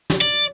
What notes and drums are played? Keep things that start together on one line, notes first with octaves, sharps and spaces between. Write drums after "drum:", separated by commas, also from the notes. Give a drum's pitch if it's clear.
drum: snare
D5